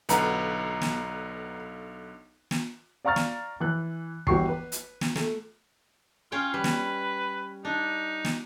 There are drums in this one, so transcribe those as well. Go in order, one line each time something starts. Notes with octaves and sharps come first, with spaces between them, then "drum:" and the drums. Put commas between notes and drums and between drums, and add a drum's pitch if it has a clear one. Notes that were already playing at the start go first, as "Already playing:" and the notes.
B1 D3 F4 B4 F#5 A#5, drum: hi-hat
drum: snare
drum: snare
D5 F5 A#5 C#6 F6 A6
drum: snare
E3 F#6
G1 E3 F#4 G4 C#6 C7, drum: kick
B4
drum: hi-hat
drum: snare
A3, drum: snare
C#4 F4 C#5 G5
G3 B4
drum: snare
D4 D#4
drum: snare